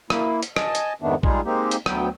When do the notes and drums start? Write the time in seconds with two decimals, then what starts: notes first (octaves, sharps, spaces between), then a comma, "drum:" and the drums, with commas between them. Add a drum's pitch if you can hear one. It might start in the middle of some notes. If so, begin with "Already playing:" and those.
0.10 A#3 E4, drum: rim click
0.43 drum: hi-hat
0.56 D#5 G#5 A5, drum: rim click
0.75 drum: hi-hat
1.02 F2 G#2 D#3 A3 B3 D4
1.23 G3 G#3 D#4 F4 G#4, drum: kick
1.45 G#3 A#3 C4 D#4 G4
1.71 drum: hi-hat
1.86 D2 F#3 B3 G5, drum: rim click